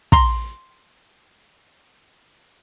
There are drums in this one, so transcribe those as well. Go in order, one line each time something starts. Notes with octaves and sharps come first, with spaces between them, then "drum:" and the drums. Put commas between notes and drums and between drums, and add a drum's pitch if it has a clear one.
A#5 C6, drum: kick